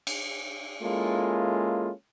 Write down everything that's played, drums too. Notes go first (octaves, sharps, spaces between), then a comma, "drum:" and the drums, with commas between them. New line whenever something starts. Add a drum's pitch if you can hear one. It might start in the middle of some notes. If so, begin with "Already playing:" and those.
drum: cymbal
G#3 A#3 C#4 E4 F4 A4